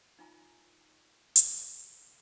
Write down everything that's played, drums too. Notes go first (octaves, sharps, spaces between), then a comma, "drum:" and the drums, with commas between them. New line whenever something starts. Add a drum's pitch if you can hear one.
D#4 F4 G#5 A#5
drum: hi-hat